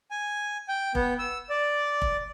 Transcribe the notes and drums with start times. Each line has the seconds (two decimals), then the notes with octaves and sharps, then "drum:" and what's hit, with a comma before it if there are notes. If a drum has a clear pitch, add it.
0.11 G#5
0.68 G5
0.95 B3, drum: kick F1
1.19 E6
1.50 D5
2.02 drum: kick F1